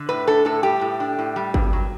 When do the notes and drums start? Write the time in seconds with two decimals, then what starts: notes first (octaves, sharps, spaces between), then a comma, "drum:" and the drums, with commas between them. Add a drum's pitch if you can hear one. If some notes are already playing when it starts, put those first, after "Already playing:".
Already playing: D3
0.09 A2 B4
0.27 D4 A4
0.45 A2 A4
0.63 G3 G4
0.81 A2
1.00 D4
1.19 A2
1.36 G3
1.54 G2, drum: kick G#1
1.73 F#3